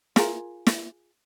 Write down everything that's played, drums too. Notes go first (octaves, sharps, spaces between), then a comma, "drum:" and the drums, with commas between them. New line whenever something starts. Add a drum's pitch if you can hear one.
F4 G#4 A#4, drum: snare
drum: snare